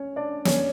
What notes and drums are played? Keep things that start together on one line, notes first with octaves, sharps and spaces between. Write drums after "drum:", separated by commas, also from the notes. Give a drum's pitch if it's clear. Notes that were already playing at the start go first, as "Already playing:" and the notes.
Already playing: C#4 C#5
D4 D5
C#4 C#5, drum: snare